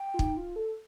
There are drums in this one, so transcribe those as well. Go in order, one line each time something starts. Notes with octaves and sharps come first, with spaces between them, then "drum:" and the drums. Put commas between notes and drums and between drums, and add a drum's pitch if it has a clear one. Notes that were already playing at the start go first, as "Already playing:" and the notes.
Already playing: G5
F4
D#4, drum: kick
F4
A4